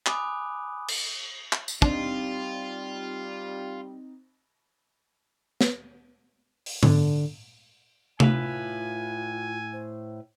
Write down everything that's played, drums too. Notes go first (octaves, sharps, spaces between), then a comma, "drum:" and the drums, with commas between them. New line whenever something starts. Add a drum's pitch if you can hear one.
G#5 B5 D6 D#6 F#6, drum: clap
drum: cymbal
drum: clap
drum: tambourine
G3 C4 D4 D#4 F4, drum: kick
drum: snare
drum: open hi-hat
D3, drum: tom G#2
A2 F4 B4 G#5, drum: tom C3
C5